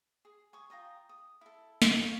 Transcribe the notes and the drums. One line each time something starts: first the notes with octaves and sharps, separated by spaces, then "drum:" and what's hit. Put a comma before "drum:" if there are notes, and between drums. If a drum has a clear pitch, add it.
G#4
G#5 C#6 D#6
F4 G5 A#5 D#6
D#6
E4 A4
drum: snare
F4 B4 C#5 G5